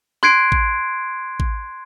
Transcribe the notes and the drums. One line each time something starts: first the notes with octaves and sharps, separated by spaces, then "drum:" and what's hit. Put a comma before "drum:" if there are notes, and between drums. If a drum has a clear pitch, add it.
C6 F#6 G#6 C7 D7, drum: snare
drum: kick A1
drum: kick A1